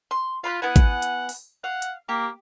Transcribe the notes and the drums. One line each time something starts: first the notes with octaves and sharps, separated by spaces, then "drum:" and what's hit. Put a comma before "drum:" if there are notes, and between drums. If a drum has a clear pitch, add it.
C6
F4 F5 B5 F#6
B3 E4 F#5 G#5
drum: kick, hi-hat
drum: hi-hat
drum: open hi-hat
F5 F#5
drum: hi-hat
A#3 G4